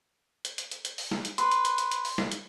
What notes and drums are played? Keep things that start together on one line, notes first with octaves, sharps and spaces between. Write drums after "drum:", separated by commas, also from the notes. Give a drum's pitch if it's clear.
drum: hi-hat
drum: hi-hat
drum: hi-hat
drum: hi-hat
drum: open hi-hat
drum: snare
drum: hi-hat
B4 C6, drum: hi-hat
drum: hi-hat
drum: hi-hat
drum: hi-hat
drum: hi-hat
drum: open hi-hat
drum: snare
drum: hi-hat